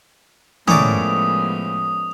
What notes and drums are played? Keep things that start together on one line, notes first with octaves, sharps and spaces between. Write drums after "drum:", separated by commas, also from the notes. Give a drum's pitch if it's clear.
A2 F3 G#3 B3 C#4 A#4 D5 D#6, drum: tom